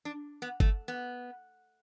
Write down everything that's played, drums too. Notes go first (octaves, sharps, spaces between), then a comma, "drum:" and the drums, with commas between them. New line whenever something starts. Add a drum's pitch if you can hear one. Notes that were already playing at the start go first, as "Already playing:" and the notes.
D4
B3
A3, drum: kick G1
B3